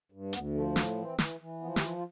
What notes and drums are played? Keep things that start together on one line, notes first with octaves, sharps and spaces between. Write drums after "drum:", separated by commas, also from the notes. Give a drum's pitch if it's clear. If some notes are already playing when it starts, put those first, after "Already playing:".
G2
D2 B3, drum: hi-hat
F3 A3
A2 B3, drum: snare
E3 C4
E3, drum: snare
E3
F3 B3
G4, drum: snare
F3 F4
F4